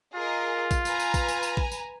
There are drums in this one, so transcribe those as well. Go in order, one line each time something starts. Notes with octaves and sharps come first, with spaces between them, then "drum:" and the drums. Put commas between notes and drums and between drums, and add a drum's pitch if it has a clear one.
F4 G#4 A#4 D#5
drum: kick, tambourine
B4 G#5 A#5, drum: tambourine
drum: tambourine
drum: kick, tambourine
drum: tambourine
drum: tambourine
drum: kick
drum: tambourine